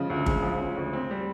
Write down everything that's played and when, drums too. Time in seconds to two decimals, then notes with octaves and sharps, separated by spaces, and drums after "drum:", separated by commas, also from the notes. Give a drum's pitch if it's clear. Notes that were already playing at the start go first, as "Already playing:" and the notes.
Already playing: C#3 F3 G#3
0.10 D2
0.26 G#3, drum: kick G1
0.43 F3
0.60 C#3
0.77 D2
0.93 C4
1.11 G3